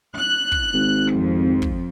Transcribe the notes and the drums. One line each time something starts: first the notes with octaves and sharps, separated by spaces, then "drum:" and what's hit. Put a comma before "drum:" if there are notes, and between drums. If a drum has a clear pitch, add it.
F#6
drum: kick
G#1
F2
drum: kick